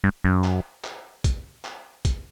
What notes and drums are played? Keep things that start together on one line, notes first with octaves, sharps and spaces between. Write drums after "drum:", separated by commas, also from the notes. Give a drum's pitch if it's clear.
G2
F#2
drum: clap
drum: clap
drum: kick, hi-hat
drum: clap
drum: kick, hi-hat